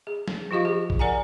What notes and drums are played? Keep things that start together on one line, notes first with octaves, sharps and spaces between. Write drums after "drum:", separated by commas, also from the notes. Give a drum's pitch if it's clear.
G#4
drum: snare
F3 F4 G4 D#5 F5
G#4
drum: kick A#1
A#4 D5 F#5 G#5 A#5